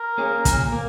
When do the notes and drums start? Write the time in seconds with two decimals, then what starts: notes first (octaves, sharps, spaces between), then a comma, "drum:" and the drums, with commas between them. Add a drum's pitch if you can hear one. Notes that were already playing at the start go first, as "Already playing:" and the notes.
Already playing: A#4
0.18 A#3 C#4 G#4
0.45 A#2, drum: kick, hi-hat
0.72 A#3